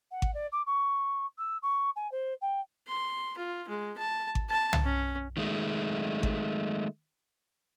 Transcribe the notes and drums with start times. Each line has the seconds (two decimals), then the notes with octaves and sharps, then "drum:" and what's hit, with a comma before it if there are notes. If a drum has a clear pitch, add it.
0.11 F#5
0.22 drum: kick G#1
0.34 D5
0.52 D6
0.66 C#6
1.38 E6
1.62 C#6
1.96 G#5
2.11 C5
2.41 G5
2.88 C6
3.38 F4
3.69 G#3
3.98 A5
4.35 drum: kick G#1
4.50 A5
4.73 drum: tom
4.84 C#4
5.37 D#3 G#3 A3
6.23 drum: kick G#1